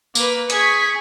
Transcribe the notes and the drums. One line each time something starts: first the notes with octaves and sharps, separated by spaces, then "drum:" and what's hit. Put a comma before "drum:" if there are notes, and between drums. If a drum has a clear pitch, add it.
A#3 B4, drum: tambourine
G#4 C#6 G#6 B6, drum: hi-hat